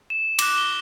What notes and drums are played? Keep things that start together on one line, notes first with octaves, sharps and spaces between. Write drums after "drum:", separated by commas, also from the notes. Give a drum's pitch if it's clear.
E7
D6 F#6, drum: cymbal
G7